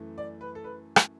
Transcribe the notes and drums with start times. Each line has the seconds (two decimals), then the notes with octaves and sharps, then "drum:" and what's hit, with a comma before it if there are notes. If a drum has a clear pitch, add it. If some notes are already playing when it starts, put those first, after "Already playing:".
Already playing: F#2 E3 A3
0.18 D5
0.41 B4
0.55 A4
0.64 B4
0.96 drum: rim click